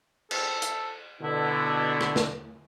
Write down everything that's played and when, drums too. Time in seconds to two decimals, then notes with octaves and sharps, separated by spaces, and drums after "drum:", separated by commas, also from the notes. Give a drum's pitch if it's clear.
0.31 A4, drum: cymbal
0.62 drum: hi-hat
1.21 B2 D3 E4
2.01 drum: rim click
2.16 drum: snare